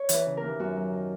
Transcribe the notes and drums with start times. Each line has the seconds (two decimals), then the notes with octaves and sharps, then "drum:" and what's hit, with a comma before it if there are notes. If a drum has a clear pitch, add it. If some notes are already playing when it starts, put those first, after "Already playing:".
Already playing: C#5
0.09 E3, drum: hi-hat
0.14 B4
0.26 C#3
0.37 A#4
0.43 D#2
0.59 F#2 F#4
0.77 F#3
0.93 D#3